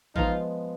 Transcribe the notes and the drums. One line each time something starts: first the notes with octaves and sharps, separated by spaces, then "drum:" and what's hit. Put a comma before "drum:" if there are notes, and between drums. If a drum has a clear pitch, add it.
F3 G#3 B3 D#4 F4, drum: kick A1